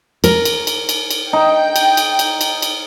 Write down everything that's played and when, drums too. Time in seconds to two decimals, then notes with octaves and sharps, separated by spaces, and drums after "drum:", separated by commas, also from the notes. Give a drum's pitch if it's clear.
0.24 A#4, drum: cymbal
0.45 drum: cymbal
0.67 drum: cymbal
0.89 drum: cymbal
1.10 drum: cymbal
1.33 D#4 G5
1.76 drum: cymbal
1.97 drum: cymbal
2.19 drum: cymbal
2.41 drum: cymbal
2.62 drum: cymbal